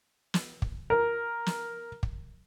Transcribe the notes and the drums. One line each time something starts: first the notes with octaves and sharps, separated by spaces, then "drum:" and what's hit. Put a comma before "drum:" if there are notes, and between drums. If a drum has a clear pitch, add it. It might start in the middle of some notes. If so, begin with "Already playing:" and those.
drum: snare
drum: kick
A#4
drum: snare
drum: kick